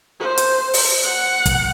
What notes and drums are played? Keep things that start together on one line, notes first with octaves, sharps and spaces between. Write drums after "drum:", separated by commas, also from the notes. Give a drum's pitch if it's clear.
C5
drum: hi-hat
drum: open hi-hat
F#5
drum: kick, hi-hat